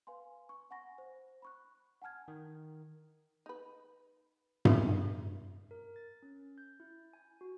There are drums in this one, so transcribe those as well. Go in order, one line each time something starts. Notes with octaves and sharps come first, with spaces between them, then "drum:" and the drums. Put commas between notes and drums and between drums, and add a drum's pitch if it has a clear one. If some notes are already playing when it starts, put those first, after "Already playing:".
B4 F5 G#5 C6
C#6
F#5 G#5 B5 C#6 A#6
C5
B5 C#6 F#6
F#5 G#5 A5 F6 G#6
D#3
D#4 B4
drum: tom G2
A#4
A6
C#4
G6
E4
G#5
F#4